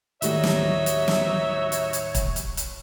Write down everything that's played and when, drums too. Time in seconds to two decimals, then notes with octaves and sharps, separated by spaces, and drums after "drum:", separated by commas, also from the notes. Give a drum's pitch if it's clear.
0.22 D#2 A2 G3 D#4 F#4 C#5 E5, drum: hi-hat
0.43 drum: snare
0.86 drum: hi-hat
1.08 drum: snare
1.72 drum: hi-hat
1.93 drum: hi-hat
2.15 drum: kick, hi-hat
2.36 drum: hi-hat
2.57 drum: hi-hat